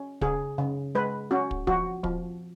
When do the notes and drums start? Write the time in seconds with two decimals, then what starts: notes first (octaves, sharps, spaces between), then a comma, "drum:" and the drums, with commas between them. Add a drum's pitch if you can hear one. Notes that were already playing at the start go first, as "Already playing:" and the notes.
Already playing: C#4
0.21 C#3 G#4, drum: kick
0.58 C#3
0.95 G#3 B4
1.31 C#4 F#4
1.51 drum: kick
1.67 F3 F#4, drum: kick
2.04 F3, drum: kick